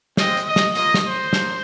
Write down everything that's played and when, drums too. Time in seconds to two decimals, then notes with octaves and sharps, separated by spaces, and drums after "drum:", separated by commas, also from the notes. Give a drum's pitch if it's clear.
0.17 G#3 C4 F4 D#5, drum: snare
0.37 drum: hi-hat
0.47 D#5
0.56 drum: snare
0.75 A#3 F4 D#5, drum: hi-hat
0.94 drum: snare
1.04 C5
1.33 A#3, drum: snare